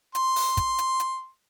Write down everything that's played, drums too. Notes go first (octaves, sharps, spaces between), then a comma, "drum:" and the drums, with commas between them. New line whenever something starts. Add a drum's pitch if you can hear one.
C6, drum: hi-hat
drum: open hi-hat
drum: kick, hi-hat
drum: hi-hat
drum: hi-hat